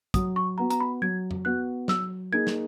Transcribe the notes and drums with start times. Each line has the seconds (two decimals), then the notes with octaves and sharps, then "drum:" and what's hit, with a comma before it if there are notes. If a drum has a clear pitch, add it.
0.14 F#3 D#6, drum: kick, hi-hat
0.36 C#6
0.58 B3 F#4 A#5
0.70 A#5, drum: hi-hat
0.80 B5
1.02 F#3 G#6
1.31 drum: tom F2
1.45 B3 F#4 F#6
1.88 F#3 E6, drum: snare
2.32 A#3 D#4 G#4 G#6
2.47 drum: snare